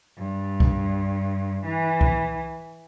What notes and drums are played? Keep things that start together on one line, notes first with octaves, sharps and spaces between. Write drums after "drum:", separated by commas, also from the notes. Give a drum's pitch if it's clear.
G2
drum: kick C2
E3
drum: kick C2